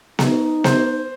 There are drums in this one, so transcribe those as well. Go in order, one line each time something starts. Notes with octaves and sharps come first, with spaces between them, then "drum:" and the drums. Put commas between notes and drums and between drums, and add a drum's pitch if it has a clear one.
D#4, drum: snare B3
C5, drum: snare B3